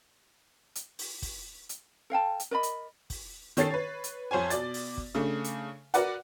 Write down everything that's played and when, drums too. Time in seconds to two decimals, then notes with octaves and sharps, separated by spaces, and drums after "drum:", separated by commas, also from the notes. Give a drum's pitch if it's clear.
0.75 drum: hi-hat
0.99 drum: open hi-hat
1.22 drum: kick, open hi-hat
1.69 drum: hi-hat
2.10 A4 F5 G5 A5
2.40 drum: hi-hat
2.51 A#4 D5 D#5 B5
2.63 drum: hi-hat
3.10 drum: kick, open hi-hat
3.57 D#3 C#4 A4 A6 C7, drum: hi-hat
3.71 B4 C#5
4.04 drum: hi-hat
4.31 F2 C5 C#5 G#5
4.50 B2 D5 A6, drum: hi-hat
4.74 drum: open hi-hat
4.97 drum: kick
5.15 C#3 A3 D4
5.44 drum: hi-hat
5.94 F#4 A#4 B4 D5 F#5, drum: hi-hat